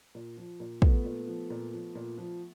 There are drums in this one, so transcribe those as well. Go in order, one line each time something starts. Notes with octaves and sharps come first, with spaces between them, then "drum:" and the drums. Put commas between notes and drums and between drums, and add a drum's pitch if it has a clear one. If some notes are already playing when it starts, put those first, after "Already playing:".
A#2
F3
A#2
F3 A3 B3, drum: kick
A#2
F3
A#2
F3
A#2
F3